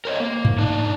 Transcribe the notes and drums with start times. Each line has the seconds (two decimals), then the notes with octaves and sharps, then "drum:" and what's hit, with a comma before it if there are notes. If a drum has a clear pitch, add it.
0.05 A#4 C5 C#5 D#5
0.20 A#3
0.45 drum: tom G2
0.58 D4 D#4